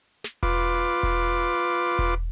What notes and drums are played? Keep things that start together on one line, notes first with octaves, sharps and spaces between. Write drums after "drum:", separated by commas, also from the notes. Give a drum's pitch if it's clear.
drum: snare
F4 B4 D6, drum: kick E1
drum: kick E1
drum: kick E1